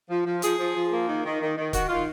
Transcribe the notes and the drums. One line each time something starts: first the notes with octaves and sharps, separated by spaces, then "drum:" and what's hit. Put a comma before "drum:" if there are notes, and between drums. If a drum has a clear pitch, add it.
F3
F3
F3 G#4, drum: hi-hat
F3
F3
A#3
D#3
D#3
D#3
D#3
D#3 F#4, drum: kick C#1, hi-hat
D#3 F4